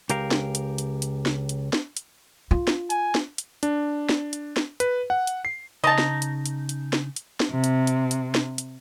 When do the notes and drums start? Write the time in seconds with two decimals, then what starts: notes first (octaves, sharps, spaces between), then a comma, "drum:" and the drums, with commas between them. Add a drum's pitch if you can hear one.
0.10 C#2 G4 A#4 F5, drum: hi-hat
0.31 drum: snare
0.55 drum: hi-hat
0.78 drum: hi-hat
1.02 drum: hi-hat
1.26 drum: snare
1.49 drum: hi-hat
1.73 drum: snare
1.97 drum: hi-hat
2.51 F4
2.67 drum: snare
2.90 G#5, drum: hi-hat
3.15 drum: snare
3.38 drum: hi-hat
3.63 D4, drum: hi-hat
4.09 drum: snare
4.33 drum: hi-hat
4.56 drum: snare
4.80 B4, drum: hi-hat
5.10 F#5
5.27 drum: hi-hat
5.45 C7
5.84 C#3 D#4 D#5 A5 A#5
5.98 drum: snare
6.22 drum: hi-hat
6.46 drum: hi-hat
6.69 drum: hi-hat
6.93 drum: snare
7.16 drum: hi-hat
7.40 drum: snare
7.50 C3
7.64 drum: hi-hat
7.87 drum: hi-hat
8.11 drum: hi-hat
8.35 drum: snare
8.58 drum: hi-hat